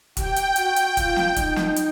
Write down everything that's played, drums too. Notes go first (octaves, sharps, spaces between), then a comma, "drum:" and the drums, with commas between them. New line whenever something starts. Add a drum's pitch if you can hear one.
G4 G5, drum: kick, hi-hat
drum: hi-hat
F#4, drum: hi-hat
drum: hi-hat
F4, drum: kick, hi-hat
drum: snare
D#4, drum: kick, hi-hat
drum: snare
drum: hi-hat